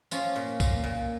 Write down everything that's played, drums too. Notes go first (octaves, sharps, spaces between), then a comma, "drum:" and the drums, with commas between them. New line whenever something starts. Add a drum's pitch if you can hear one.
F3 C#4 F4, drum: tambourine
A#2
A#2, drum: kick B1, tambourine
A#2